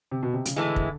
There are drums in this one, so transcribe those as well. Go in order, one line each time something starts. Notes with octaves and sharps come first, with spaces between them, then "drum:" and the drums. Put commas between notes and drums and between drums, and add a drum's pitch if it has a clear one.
C3
B2
C3
C#3, drum: hi-hat
A2 D3 E3 G#3
drum: kick